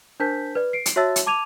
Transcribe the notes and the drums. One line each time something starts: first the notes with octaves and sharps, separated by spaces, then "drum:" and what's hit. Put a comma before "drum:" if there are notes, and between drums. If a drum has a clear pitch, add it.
D4 A#4 C5 A5 G6 B6
B4 D5
C7 D7
drum: hi-hat
F#4 C#5 E5 A5 E6 A6
drum: hi-hat
A5 D6 G#6 D#7 F7